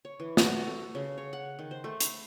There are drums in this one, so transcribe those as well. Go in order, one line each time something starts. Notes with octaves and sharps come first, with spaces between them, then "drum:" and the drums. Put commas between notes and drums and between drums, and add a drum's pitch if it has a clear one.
C#5
E3
F#4, drum: snare
F#4
A4
C#3
C#5
F#5
D#3
C5
A3
B5, drum: hi-hat